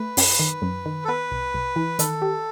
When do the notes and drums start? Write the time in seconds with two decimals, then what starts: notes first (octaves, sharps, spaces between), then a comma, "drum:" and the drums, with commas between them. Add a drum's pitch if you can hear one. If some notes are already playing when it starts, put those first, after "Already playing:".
Already playing: A3 B4
0.17 F#2, drum: open hi-hat
0.39 D#3
0.62 F#2
0.86 D#3
1.04 A4
1.08 B3 B4
1.31 C2
1.54 C2
1.76 E3
1.99 D#3 A4, drum: hi-hat
2.22 G4